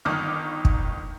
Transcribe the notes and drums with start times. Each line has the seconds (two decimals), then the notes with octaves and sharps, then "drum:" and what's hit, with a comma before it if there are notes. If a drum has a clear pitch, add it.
0.05 G1 D#3 D#4 D6 F6
0.65 drum: kick